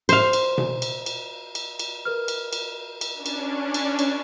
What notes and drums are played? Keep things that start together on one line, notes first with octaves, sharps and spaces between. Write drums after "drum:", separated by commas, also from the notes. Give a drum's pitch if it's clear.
C5 F5, drum: cymbal
drum: cymbal
drum: tom B2
drum: cymbal
drum: cymbal
drum: cymbal
drum: cymbal
A#4 B4 F6
drum: cymbal
drum: cymbal
drum: cymbal
C#4 D4
drum: cymbal
drum: cymbal
drum: cymbal